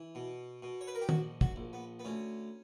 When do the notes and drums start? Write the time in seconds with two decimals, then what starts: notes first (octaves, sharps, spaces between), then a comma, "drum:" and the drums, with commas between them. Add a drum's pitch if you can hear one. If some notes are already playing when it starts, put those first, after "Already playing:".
Already playing: E3
0.15 B2
0.63 B2
0.81 C#5
0.87 B4
0.95 A#4
1.01 G4
1.09 A#1 F#4, drum: tom
1.41 F#4, drum: kick
1.56 A#1
1.73 B3
1.99 B3
2.05 D2 C#4